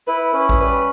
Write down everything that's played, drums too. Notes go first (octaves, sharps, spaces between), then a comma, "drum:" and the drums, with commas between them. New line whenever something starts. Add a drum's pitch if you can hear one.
E4 B4
C#4 B4
drum: kick A1
G3 B4